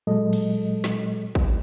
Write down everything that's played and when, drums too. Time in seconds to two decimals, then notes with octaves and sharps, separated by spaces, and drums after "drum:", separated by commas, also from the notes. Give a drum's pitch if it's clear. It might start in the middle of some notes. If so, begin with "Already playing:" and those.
0.07 A#2 F#3 G#3 A4 D#5
0.33 drum: cymbal
0.84 drum: snare
1.35 drum: kick